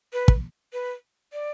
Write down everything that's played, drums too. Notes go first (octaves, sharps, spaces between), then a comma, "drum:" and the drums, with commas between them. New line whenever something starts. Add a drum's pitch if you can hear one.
B4
drum: kick
B4
D5